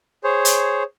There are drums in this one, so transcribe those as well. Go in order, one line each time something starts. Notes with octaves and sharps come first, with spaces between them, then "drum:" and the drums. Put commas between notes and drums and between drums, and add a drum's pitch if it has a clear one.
G#4 C5 C#5
drum: hi-hat